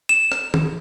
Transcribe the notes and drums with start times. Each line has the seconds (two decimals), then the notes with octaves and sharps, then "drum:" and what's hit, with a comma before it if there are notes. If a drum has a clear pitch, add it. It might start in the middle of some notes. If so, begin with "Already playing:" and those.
0.09 E7
0.32 drum: rim click
0.54 drum: tom D#3